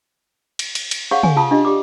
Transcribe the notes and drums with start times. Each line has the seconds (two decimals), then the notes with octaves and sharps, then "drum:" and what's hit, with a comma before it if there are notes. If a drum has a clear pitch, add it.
0.59 drum: cymbal
0.75 drum: cymbal
0.91 drum: cymbal
1.11 G#4 C#5 F5 F#5 C#6
1.23 G#5, drum: tom
1.36 F4 A5 D#6
1.51 D4 F4 G4 D#5
1.65 G4 D5 D6